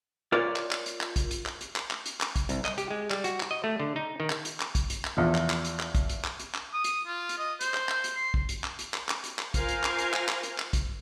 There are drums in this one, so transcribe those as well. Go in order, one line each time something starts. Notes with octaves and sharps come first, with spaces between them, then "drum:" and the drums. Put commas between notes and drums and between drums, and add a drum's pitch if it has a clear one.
F4 A#4 C#5 D5
drum: clap
drum: clap
drum: hi-hat
drum: clap
drum: kick, hi-hat
drum: hi-hat
drum: clap
drum: hi-hat
drum: clap
drum: clap
drum: hi-hat
drum: clap
drum: kick, hi-hat
C2, drum: hi-hat
D#5, drum: clap
G4, drum: hi-hat
G#3
G3, drum: clap
F#4, drum: hi-hat
drum: clap
D#5
A3
D3
D#4
D#3
drum: clap
drum: hi-hat
drum: clap
drum: kick, hi-hat
drum: hi-hat
drum: clap
E2 F3
drum: clap
drum: clap
drum: hi-hat
drum: clap
drum: kick, hi-hat
drum: hi-hat
drum: clap
drum: hi-hat
drum: clap
D#6
drum: hi-hat
F4
drum: hi-hat
D#5
C5, drum: hi-hat
drum: clap
drum: clap
drum: hi-hat
C6
drum: kick
drum: hi-hat
drum: clap
drum: hi-hat
drum: clap
drum: clap
drum: hi-hat
drum: clap
F4 A#4 C5 F5 G#5, drum: kick, hi-hat
drum: hi-hat
drum: clap
drum: hi-hat
drum: clap
drum: clap
drum: hi-hat
drum: clap
drum: kick, hi-hat